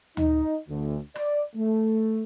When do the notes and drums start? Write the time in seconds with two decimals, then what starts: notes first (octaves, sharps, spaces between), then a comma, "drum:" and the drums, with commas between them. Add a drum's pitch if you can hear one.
0.17 D#4, drum: tom D2
0.68 D2
1.15 D5, drum: rim click
1.55 A3